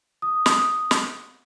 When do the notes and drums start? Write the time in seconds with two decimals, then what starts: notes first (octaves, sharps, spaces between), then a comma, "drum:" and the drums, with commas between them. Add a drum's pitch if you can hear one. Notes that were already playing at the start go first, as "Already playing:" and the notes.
0.22 D#6
0.46 D#6, drum: snare
0.68 D#6
0.91 drum: snare